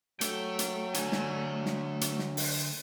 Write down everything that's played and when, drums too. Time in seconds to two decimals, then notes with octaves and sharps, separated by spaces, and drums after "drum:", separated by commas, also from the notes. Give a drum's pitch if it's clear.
0.21 F#3 A3 G5, drum: hi-hat
0.59 drum: hi-hat
0.94 D2 G#5, drum: hi-hat
1.12 drum: snare
1.66 drum: snare
2.01 drum: hi-hat
2.19 drum: snare
2.37 drum: open hi-hat